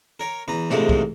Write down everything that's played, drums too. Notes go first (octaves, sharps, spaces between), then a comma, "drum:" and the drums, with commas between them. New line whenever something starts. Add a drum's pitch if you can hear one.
A#4 C#5
E2 B4 A#5
A#1 E2 G#2 C3 G#3 A3, drum: snare
drum: kick